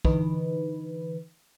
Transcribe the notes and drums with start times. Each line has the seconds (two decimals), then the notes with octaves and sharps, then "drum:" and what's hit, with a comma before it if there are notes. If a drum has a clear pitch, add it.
0.05 D3 E3 D#4 B4, drum: kick